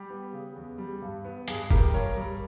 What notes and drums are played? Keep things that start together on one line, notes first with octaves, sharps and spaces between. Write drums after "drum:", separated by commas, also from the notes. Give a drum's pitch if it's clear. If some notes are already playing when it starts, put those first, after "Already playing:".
Already playing: G3 G4
B3
C#3
E2
G3
G2
B3
G2 G#4, drum: hi-hat
G3 G4 A#4, drum: kick
G2 A#4 C#5
G3